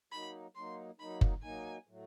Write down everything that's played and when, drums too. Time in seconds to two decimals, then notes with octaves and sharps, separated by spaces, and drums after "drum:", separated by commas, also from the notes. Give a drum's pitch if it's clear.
0.12 F#3 A#3 D#4 B5
0.55 F#3 A#3 D#4 C6
0.99 F#3 A#3 D#4 B5
1.21 drum: kick F#1
1.43 F#3 A#3 D#4 G#5
1.87 A2 F#3 A3